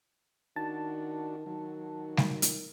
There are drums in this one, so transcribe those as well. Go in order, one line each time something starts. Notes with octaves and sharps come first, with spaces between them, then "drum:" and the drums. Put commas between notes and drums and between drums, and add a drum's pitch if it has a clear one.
D#3 D4 F#4 A5
D#3 F#3
drum: snare G3
drum: hi-hat